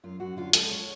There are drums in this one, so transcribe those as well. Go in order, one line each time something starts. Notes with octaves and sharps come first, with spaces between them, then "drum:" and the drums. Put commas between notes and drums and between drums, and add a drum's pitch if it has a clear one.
F#2 F4
F#2 F#4
D3 F4
G#3 A4, drum: hi-hat
C#5